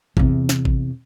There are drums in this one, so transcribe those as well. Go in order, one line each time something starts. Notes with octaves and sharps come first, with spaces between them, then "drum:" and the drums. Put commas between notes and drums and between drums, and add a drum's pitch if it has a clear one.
E2 C3, drum: kick A1
drum: snare
drum: kick A1